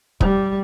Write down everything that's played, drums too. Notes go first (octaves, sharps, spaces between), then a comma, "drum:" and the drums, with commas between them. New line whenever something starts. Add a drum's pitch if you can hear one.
G3, drum: kick